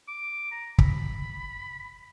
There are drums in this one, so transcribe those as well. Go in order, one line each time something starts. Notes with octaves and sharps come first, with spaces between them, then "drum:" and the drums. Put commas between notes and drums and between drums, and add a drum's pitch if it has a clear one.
D6
A#5
B5, drum: kick